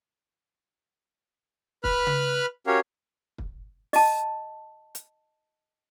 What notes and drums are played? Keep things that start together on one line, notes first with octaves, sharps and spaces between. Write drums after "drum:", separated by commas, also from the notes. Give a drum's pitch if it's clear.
B4 B5 F6 F#6, drum: kick
drum: tom C#3
C#4 F#4 G4 A#4 C#5 F5
drum: kick
D#5 A5, drum: open hi-hat
drum: hi-hat